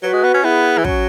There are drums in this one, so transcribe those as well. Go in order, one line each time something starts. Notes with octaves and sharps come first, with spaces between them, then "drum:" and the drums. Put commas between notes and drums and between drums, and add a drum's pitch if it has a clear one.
F#3 F#4 B4
G#3
B3
C#4
B3 E4 G#4
E3
F#3 C#4 F#4, drum: kick